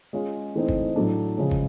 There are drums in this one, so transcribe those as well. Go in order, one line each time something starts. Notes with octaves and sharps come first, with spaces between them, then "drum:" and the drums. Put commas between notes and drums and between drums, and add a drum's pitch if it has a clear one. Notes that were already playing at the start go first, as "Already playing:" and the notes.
G#3 C#4 F4 G#4
E3 A3 C4 D#4
drum: kick
A2 F#3 A3 D4
C#3 F3 G#3 C#4
drum: kick